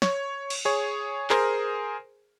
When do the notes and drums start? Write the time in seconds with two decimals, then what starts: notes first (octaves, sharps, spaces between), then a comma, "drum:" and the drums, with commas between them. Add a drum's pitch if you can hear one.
0.02 C#5, drum: snare
0.50 drum: cymbal
0.65 G#4 C#5
1.30 G#4 A#4 C5, drum: clap